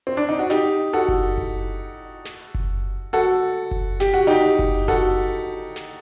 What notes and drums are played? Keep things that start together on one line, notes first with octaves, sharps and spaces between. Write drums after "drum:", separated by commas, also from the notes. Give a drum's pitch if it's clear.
C4
D4
D#4
F#4
D#4 G4, drum: snare
F#4 A4
drum: kick F#1
drum: kick F#1
drum: snare
drum: kick F#1
F#4 A4
drum: kick F#1
G4, drum: snare
F#4
D#4 G4
drum: kick F#1
F#4 A4, drum: kick F#1
drum: snare